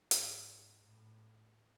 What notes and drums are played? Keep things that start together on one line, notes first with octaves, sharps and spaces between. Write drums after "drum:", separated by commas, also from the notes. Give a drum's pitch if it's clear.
G#2, drum: hi-hat
A2